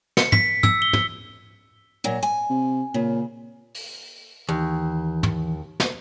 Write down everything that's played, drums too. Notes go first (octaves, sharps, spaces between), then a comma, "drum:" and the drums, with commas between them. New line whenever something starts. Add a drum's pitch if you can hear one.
C#7, drum: snare
B6, drum: tom
E6, drum: tom
G7
drum: tom
A#2 F#3
G#5
C3
A#2 C#3
drum: open hi-hat
D#2 E3
drum: tom
drum: snare